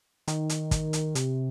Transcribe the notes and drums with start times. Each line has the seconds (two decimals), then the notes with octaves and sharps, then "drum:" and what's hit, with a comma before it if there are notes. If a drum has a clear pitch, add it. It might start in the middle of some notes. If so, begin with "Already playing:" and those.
0.28 D#3, drum: hi-hat
0.49 drum: hi-hat
0.71 drum: kick, hi-hat
0.93 drum: hi-hat
1.15 C3, drum: hi-hat